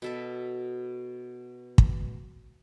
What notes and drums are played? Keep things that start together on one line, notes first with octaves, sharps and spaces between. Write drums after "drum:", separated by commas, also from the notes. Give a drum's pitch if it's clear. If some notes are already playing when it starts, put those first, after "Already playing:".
B2 A4 E5
drum: kick